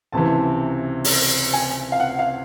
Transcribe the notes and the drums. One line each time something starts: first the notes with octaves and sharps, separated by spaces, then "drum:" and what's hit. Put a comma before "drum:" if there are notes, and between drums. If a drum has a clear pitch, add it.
C#2 C3 E3 A5
drum: open hi-hat
G#5
F5
F#5
F5